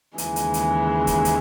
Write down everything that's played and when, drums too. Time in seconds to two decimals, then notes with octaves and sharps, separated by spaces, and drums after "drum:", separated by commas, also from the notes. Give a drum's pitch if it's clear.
0.18 D#2 C#3 E3 G#3, drum: hi-hat
0.36 drum: hi-hat
0.54 drum: hi-hat
1.07 drum: kick, hi-hat
1.25 drum: hi-hat